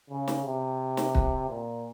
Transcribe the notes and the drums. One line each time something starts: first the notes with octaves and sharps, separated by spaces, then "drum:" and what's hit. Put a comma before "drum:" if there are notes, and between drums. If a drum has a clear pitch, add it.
C#3
drum: snare
C3
drum: snare
drum: kick
A#2